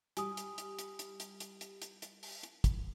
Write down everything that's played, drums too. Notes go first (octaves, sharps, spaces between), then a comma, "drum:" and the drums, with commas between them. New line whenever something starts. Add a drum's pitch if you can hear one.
G3 G#5 D#6, drum: hi-hat
drum: hi-hat
drum: hi-hat
drum: hi-hat
drum: hi-hat
drum: hi-hat
drum: hi-hat
drum: hi-hat
drum: hi-hat
drum: hi-hat
drum: open hi-hat
drum: hi-hat
drum: kick, hi-hat